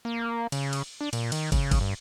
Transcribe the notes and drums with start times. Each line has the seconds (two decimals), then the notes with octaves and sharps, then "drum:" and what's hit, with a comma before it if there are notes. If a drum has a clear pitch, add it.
0.05 A#3
0.52 C#3, drum: cymbal
0.73 drum: cymbal
1.01 D4
1.13 A#2, drum: cymbal
1.32 D#3, drum: cymbal
1.52 C#3, drum: kick, cymbal
1.71 drum: kick, cymbal
1.81 G2